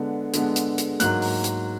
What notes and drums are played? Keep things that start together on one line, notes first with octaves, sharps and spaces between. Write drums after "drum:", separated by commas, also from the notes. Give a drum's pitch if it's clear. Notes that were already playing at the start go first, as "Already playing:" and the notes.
Already playing: D3 G#3 B3
D3 G#3 B3, drum: hi-hat
drum: hi-hat
drum: hi-hat
G#2 F#3 A#3 F#6, drum: hi-hat
drum: open hi-hat
drum: hi-hat